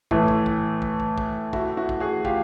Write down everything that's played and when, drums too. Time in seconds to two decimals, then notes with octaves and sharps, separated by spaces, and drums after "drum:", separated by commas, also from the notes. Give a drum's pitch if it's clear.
0.11 A2 E3 A3, drum: kick
0.28 drum: kick
0.46 drum: kick
0.82 drum: kick
1.00 drum: kick
1.18 drum: kick
1.53 E4 F#4, drum: kick
1.77 E4 F#4
1.89 drum: kick
2.00 F#4 G#4
2.25 F4 G4, drum: kick